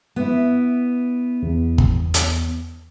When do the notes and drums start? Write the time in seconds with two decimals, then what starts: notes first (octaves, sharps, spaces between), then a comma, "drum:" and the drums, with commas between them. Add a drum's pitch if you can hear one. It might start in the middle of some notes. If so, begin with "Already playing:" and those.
0.16 B3 E4
1.43 E2
1.78 drum: kick
2.14 drum: hi-hat